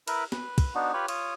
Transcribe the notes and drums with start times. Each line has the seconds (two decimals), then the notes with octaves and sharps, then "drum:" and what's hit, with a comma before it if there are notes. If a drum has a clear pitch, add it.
0.08 E4 A#4 B4, drum: cymbal
0.32 B4, drum: snare
0.58 drum: kick, cymbal
0.75 B3 D4 D#4 F#4
0.93 F4 G4 B4 C#5
1.08 F4 C#5 D#6, drum: cymbal